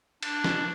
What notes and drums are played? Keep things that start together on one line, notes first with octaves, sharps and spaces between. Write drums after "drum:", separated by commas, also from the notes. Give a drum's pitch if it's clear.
D4, drum: cymbal
drum: snare